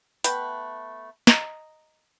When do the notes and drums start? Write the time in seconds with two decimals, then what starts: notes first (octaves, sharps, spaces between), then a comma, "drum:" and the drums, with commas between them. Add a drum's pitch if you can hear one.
0.24 A3 B3 B4 G5, drum: hi-hat
1.27 D#5 A#5, drum: snare